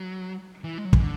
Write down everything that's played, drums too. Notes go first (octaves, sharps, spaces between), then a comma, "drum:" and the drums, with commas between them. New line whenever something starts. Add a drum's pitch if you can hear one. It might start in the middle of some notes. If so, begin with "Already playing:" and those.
Already playing: F#3
E3
G#3
F#3
E3, drum: kick
D3